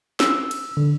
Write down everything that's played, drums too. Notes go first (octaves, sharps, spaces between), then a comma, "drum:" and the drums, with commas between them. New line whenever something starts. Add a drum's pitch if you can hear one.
E6, drum: snare
drum: cymbal
D3